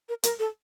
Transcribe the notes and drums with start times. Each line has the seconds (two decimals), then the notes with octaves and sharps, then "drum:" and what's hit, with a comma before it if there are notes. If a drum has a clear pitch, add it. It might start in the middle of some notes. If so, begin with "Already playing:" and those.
0.09 A#4
0.23 A#4, drum: hi-hat
0.39 A4